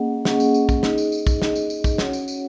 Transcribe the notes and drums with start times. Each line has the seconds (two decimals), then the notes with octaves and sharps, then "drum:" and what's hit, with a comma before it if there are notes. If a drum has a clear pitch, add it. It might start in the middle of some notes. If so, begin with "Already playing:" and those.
Already playing: A#3 C#4 G#4 D#5 F#5
0.25 A#3 C#4 G#4 D#5 F#5, drum: snare
0.40 drum: tambourine
0.54 drum: tambourine
0.69 drum: kick, tambourine
0.83 D#4 G#4 D#5, drum: snare
0.98 drum: tambourine
1.12 drum: tambourine
1.27 drum: kick, tambourine
1.42 D#4 G#4 D#5, drum: snare
1.55 drum: tambourine
1.70 drum: tambourine
1.84 drum: kick, tambourine
1.98 C#4 F#4 C#5 F#5, drum: snare
2.13 drum: tambourine
2.28 drum: tambourine